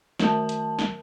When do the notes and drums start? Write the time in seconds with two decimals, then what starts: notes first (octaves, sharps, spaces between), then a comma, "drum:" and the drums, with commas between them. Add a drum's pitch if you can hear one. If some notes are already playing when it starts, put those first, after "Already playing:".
0.19 D#3 F#3 A#4 A5, drum: snare
0.49 drum: hi-hat
0.79 drum: snare